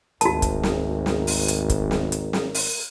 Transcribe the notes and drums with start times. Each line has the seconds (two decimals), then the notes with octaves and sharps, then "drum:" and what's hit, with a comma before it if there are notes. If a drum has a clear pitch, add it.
0.21 G#1 D2 F#4 A#4 A5, drum: hi-hat
0.42 drum: kick, hi-hat
0.63 drum: snare
1.06 drum: snare
1.27 drum: open hi-hat
1.48 drum: hi-hat
1.70 drum: kick, hi-hat
1.91 drum: snare
2.12 drum: hi-hat
2.33 drum: snare
2.54 drum: open hi-hat